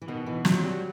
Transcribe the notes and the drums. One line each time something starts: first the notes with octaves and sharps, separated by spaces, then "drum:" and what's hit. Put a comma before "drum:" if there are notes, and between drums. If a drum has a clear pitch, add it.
E3
B2 D#3
E3
F3 F#3, drum: snare
G3